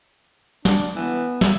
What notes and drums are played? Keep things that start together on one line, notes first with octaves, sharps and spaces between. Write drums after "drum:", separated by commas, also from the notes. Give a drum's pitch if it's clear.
D4, drum: snare
E3 B3
E5, drum: snare